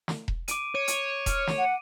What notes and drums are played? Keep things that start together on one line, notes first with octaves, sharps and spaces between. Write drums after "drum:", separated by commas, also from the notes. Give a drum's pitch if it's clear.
drum: snare
drum: kick E1
D6 D7 D#7, drum: hi-hat
C#5 D#7
drum: hi-hat
F6, drum: kick E1, hi-hat
drum: snare
F#5